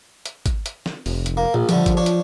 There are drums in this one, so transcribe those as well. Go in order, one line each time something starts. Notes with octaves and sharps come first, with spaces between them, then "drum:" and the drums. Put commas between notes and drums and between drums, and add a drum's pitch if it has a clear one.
drum: hi-hat
drum: kick G#1, hi-hat
drum: hi-hat
drum: snare
F1, drum: open hi-hat
drum: hi-hat
A#3
A#1 A#2
D3 F3 G3 A3, drum: hi-hat
drum: kick G#1, hi-hat
D4 C#5
drum: hi-hat